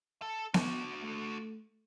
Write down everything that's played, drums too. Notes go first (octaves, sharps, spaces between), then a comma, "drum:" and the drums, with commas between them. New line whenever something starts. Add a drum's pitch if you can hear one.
A4 A5
D4 F#4, drum: snare B3
A3